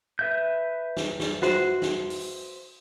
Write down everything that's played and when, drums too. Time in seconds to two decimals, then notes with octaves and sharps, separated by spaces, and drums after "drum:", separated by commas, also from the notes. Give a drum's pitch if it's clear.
0.19 B4 E5 G6
0.97 drum: snare
1.20 drum: snare
1.42 F#4 C5, drum: snare
1.82 drum: snare
2.10 drum: open hi-hat